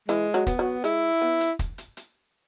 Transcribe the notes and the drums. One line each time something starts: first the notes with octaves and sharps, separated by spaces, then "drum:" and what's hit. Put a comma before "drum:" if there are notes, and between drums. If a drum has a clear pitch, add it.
E3 G#3, drum: hi-hat
F#3
B3, drum: kick, hi-hat
F#3
G#3 E4, drum: hi-hat
B3
drum: hi-hat
drum: kick, hi-hat
drum: hi-hat
drum: hi-hat